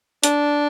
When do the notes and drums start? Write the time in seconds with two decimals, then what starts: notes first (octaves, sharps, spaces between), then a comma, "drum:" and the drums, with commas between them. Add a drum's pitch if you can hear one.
0.23 D4, drum: hi-hat